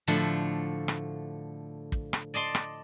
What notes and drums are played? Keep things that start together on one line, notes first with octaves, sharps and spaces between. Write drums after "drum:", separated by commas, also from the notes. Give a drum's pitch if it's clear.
A2 D3 F3 A3
drum: rim click
drum: kick
drum: rim click
D5 D#5 A5 C6
drum: rim click